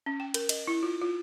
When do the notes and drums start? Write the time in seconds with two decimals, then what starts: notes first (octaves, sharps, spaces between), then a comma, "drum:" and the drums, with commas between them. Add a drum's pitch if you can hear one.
0.06 C#4
0.20 G5
0.34 A#4, drum: cymbal
0.49 D#5, drum: cymbal
0.67 E4
0.83 F4
1.01 F4